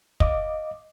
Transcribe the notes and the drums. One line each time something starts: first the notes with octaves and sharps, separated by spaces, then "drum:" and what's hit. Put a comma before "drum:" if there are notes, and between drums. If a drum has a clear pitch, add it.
D#5 F5 D6, drum: kick